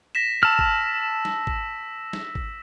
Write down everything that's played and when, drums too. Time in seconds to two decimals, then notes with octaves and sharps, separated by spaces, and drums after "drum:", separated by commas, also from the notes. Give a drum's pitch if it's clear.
0.15 A#6 B6 E7
0.43 A5 E6 F6
0.59 drum: kick G#1
1.25 drum: snare
1.47 drum: kick G#1
2.13 drum: snare
2.35 drum: kick G#1